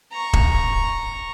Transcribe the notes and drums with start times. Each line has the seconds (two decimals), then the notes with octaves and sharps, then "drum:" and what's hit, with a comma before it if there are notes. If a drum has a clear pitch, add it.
0.12 A#5 C#6
0.33 drum: kick E1